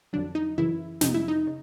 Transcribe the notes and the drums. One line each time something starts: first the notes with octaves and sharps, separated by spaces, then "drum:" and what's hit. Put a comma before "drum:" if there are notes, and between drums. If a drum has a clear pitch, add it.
F2 D3 F#3 D4
D#4
F#2 C#3 E3 E4
F2 C3 F3 D#4, drum: snare
E4
D#4
C#3